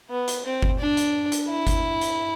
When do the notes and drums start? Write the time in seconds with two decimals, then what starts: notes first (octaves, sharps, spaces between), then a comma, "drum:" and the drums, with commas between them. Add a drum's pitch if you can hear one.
0.10 B3
0.28 drum: hi-hat
0.45 C4
0.62 drum: kick G1
0.79 D4
0.97 drum: hi-hat
1.32 drum: hi-hat
1.50 E4
1.67 drum: kick G1, hi-hat
2.01 drum: hi-hat